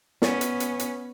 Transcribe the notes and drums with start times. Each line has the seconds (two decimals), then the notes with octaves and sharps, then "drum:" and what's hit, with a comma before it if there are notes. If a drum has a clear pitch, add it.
0.22 B3 C#4, drum: snare
0.41 drum: hi-hat
0.60 drum: hi-hat
0.79 drum: hi-hat